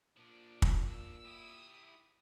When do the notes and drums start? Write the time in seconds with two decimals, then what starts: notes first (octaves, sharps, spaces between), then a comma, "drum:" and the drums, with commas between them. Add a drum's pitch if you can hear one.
0.16 A#2 F3 D4
0.62 drum: kick
0.87 E6
1.25 E4 G4 D#6